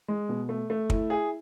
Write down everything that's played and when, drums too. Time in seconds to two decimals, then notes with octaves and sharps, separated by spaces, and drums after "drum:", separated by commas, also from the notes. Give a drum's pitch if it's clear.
0.08 G#3
0.29 B2
0.49 A3
0.70 A3
0.90 E4, drum: kick
1.10 G#4